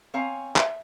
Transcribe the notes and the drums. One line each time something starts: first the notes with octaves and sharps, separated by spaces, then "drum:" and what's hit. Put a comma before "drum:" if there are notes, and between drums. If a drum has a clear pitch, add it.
C4 C#5 F5 G#5 A#5
E5, drum: clap